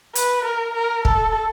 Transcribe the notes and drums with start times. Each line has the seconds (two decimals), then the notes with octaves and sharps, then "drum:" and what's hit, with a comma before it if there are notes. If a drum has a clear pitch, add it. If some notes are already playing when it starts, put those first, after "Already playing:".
0.15 B4, drum: hi-hat
0.45 A#4
0.75 A#4
1.05 A4, drum: kick